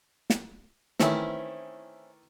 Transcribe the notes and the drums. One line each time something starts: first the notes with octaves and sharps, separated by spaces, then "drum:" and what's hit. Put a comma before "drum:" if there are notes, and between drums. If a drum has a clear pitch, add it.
drum: snare
D#3 E3 A3 C4 C#4 E4, drum: snare